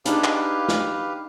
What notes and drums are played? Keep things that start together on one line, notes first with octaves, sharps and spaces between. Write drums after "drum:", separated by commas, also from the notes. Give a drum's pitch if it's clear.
D4 D#4 G4 G#4 B4 F5, drum: hi-hat
drum: clap
drum: snare